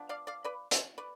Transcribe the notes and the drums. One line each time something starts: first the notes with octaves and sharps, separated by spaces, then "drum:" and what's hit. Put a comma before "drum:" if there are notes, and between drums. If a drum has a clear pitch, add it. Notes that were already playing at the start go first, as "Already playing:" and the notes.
Already playing: F3 B3 D4
D5 F5
D5 F5
B4 D5
A4 C5, drum: hi-hat
B4 D5